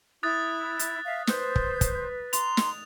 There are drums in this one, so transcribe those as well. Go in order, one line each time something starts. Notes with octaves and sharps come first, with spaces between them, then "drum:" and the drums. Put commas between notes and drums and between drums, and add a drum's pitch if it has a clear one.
E4 D#6 F#6 A6
drum: hi-hat
E5 F5
B4 C5 G6, drum: snare
drum: kick
drum: kick, hi-hat
A#5 C6 F7, drum: hi-hat
drum: snare